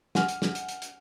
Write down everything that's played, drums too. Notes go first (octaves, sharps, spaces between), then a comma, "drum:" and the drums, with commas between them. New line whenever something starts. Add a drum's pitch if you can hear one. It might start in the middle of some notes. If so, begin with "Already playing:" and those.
F#5 G#5 F6, drum: snare
drum: hi-hat
drum: snare
drum: hi-hat
drum: hi-hat
drum: hi-hat